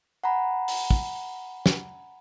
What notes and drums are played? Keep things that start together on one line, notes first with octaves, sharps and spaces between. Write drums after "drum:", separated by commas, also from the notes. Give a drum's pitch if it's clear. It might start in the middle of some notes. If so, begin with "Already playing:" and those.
F#5 G#5 A#5 B5
drum: open hi-hat
drum: kick
drum: snare